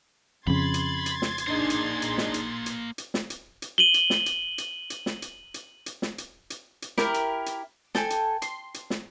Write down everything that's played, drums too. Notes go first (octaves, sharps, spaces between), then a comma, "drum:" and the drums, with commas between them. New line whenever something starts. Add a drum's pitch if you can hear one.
F2 C#3 B5 C6 G#6 A6
drum: hi-hat
drum: hi-hat
drum: snare
drum: hi-hat
A#3 D4 D#4 G#4 C5
drum: hi-hat
drum: hi-hat
drum: snare
drum: hi-hat
drum: hi-hat
drum: hi-hat
drum: snare
drum: hi-hat
drum: hi-hat
D#7 F#7 G7
drum: hi-hat
drum: snare
drum: hi-hat
drum: hi-hat
drum: hi-hat
drum: snare
drum: hi-hat
drum: hi-hat
drum: hi-hat
drum: snare
drum: hi-hat
drum: hi-hat
drum: hi-hat
E4 G4 A#4, drum: snare
drum: hi-hat
drum: hi-hat
A4 G5 G#5, drum: snare
drum: hi-hat
C6, drum: hi-hat
drum: hi-hat
drum: snare